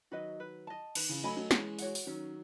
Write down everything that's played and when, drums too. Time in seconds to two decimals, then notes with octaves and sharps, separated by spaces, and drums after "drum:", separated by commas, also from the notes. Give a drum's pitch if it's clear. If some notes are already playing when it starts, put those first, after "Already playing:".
0.11 D#3 F#3 F#4 B4 D#5
0.40 B4
0.67 D#5 A5
0.95 D#3 B4, drum: cymbal
1.09 C#3 E3
1.23 F#3 A3 D#5 G#5 B5
1.37 F#3 A3
1.51 E3 G#3 C#4, drum: snare
1.79 F#4 C#5 F#5, drum: open hi-hat
1.95 drum: open hi-hat
2.07 D#3 F#3 C#4